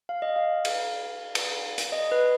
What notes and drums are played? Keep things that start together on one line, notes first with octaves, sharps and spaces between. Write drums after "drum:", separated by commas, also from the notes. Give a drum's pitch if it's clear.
F5
D#5
F5
drum: cymbal
drum: cymbal
drum: hi-hat
D#5
B4